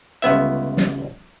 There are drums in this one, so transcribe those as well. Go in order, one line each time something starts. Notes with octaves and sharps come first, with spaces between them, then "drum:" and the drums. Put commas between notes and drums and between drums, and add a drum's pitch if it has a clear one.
G1 C#2 B3 E5, drum: hi-hat
drum: snare